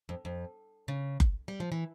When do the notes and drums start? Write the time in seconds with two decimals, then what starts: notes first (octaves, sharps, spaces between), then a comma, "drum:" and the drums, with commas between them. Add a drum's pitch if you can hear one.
0.09 F2
0.25 F2
0.88 C#3
1.20 drum: kick F#1
1.48 G3
1.60 F3
1.72 E3